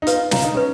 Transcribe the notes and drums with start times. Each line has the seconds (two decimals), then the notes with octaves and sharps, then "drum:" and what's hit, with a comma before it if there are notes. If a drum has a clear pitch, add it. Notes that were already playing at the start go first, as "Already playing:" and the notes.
0.02 D#4
0.07 F4 B4, drum: hi-hat
0.31 F4 D#5 A#5, drum: snare
0.44 D#4
0.55 C#4 B4